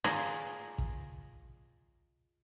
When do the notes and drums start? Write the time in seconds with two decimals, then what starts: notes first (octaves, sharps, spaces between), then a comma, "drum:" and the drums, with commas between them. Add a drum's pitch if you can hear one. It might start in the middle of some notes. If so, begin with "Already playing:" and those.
0.04 F4 G#4 A#4 D#5 F5, drum: rim click
0.78 drum: kick